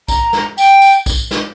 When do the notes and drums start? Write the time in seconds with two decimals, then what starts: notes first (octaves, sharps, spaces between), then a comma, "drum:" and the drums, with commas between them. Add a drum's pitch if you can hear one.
0.08 A#5, drum: kick B1, tambourine
0.33 drum: snare
0.58 G5, drum: tambourine
0.82 drum: tambourine
1.06 drum: kick B1, tambourine
1.31 drum: snare